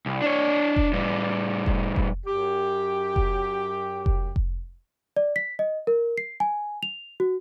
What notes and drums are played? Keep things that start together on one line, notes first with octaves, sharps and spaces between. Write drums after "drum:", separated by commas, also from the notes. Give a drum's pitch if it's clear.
C2
D4 C#5
drum: kick F1
A2 G3
drum: kick F1
drum: kick F1
F#2 G4
drum: kick F1
drum: kick F1
drum: kick F1
D5
B6
D#5
A#4
C7
G#5
F7
F#4